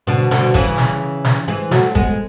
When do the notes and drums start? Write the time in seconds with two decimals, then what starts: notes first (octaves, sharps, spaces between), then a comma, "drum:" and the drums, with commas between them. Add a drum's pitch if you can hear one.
0.07 B2 D3
0.31 B2 D3, drum: snare
0.54 C#3 E3, drum: kick
0.78 drum: snare
1.24 drum: snare
1.48 E3 G#3
1.71 F#3 A3, drum: snare
1.95 G#3 B3, drum: kick